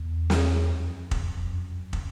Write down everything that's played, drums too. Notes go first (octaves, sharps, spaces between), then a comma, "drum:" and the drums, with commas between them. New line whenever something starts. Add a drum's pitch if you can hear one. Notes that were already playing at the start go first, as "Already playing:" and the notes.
Already playing: E2
drum: snare
F2
drum: kick
F#2
drum: kick